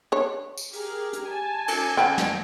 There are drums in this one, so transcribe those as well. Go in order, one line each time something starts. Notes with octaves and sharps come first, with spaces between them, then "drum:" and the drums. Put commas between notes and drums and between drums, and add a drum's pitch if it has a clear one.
D4 B4 C#5
drum: tambourine
G4 G#4 A#4, drum: open hi-hat
drum: hi-hat
G#5 A5
drum: cymbal
C#4 B4 F#5 G5
drum: snare